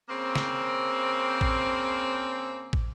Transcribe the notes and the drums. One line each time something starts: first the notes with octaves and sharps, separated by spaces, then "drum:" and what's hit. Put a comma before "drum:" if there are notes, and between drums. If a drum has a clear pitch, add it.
C#3 A#3 C4
drum: snare
drum: kick
drum: kick